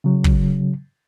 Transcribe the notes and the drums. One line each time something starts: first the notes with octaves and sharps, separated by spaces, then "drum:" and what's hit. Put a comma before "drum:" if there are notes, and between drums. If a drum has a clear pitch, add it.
C#3 F#3
drum: kick